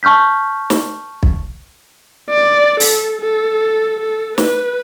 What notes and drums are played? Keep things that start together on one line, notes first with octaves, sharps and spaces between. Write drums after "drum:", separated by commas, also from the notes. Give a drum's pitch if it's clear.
A5 C#6 F6 G6 B6
drum: snare
drum: kick
D5
A4, drum: open hi-hat
A4
A4
B4, drum: snare